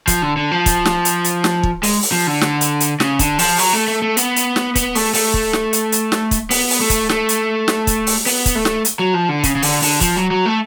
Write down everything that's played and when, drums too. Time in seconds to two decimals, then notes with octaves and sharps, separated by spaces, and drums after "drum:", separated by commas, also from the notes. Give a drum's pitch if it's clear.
0.07 F3, drum: kick, hi-hat
0.22 D3
0.37 D3
0.51 F3
0.66 drum: kick, hi-hat
0.85 drum: snare
1.05 drum: hi-hat
1.24 drum: hi-hat
1.44 drum: snare
1.63 drum: kick
1.83 G#3, drum: open hi-hat
2.02 drum: open hi-hat
2.12 F3
2.27 D3
2.41 drum: snare
2.61 drum: hi-hat
2.80 drum: hi-hat
3.00 C#3, drum: snare
3.19 D3, drum: kick, hi-hat
3.39 F3, drum: open hi-hat
3.58 F#3, drum: open hi-hat
3.73 A3
3.88 A3
4.02 A3
4.17 B3, drum: hi-hat
4.36 drum: hi-hat
4.56 drum: snare
4.75 B3, drum: kick, hi-hat
4.95 A3, drum: open hi-hat
5.14 A3, drum: open hi-hat
5.34 drum: kick
5.53 drum: snare
5.73 drum: hi-hat
5.92 drum: hi-hat
6.12 drum: snare
6.31 drum: kick, hi-hat
6.51 B3, drum: open hi-hat
6.70 drum: open hi-hat
6.80 A3
6.90 drum: kick, hi-hat
7.09 A3, drum: snare
7.29 drum: hi-hat
7.68 drum: snare
7.87 drum: kick, hi-hat
8.07 drum: open hi-hat
8.26 B3, drum: open hi-hat
8.46 drum: kick, hi-hat
8.55 A3
8.65 drum: snare
8.85 drum: hi-hat
8.99 F#3
9.14 F3
9.29 D3
9.44 C#3, drum: kick, hi-hat
9.55 C#3
9.62 D3, drum: open hi-hat
9.82 D3, drum: open hi-hat
10.01 F3, drum: kick, hi-hat
10.16 F#3
10.31 F#3
10.46 A3